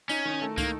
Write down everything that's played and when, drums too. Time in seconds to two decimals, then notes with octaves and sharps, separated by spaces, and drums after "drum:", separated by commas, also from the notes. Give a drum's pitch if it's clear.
0.09 C#4 D#4, drum: tambourine
0.25 D#3
0.42 A3
0.58 D#3 A#3, drum: kick, tambourine